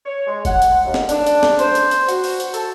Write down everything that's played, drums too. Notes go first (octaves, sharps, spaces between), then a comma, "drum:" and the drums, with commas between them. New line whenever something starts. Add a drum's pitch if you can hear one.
C#5
G#3
F#5, drum: kick, hi-hat
drum: hi-hat
D#2
drum: snare
D4, drum: hi-hat
drum: hi-hat
drum: snare
C5, drum: hi-hat
drum: hi-hat
drum: hi-hat
F#4, drum: hi-hat
drum: open hi-hat
drum: hi-hat
A4, drum: hi-hat